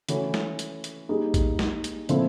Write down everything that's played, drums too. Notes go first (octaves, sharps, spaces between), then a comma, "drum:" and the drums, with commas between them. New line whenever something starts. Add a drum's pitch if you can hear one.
E3 A3 C#4 F#4, drum: hi-hat
drum: snare
drum: hi-hat
drum: hi-hat
G3 A#3 D#4 G#4
drum: kick A1, hi-hat
drum: snare
drum: hi-hat
A#2 F3 A3 C4 E4, drum: hi-hat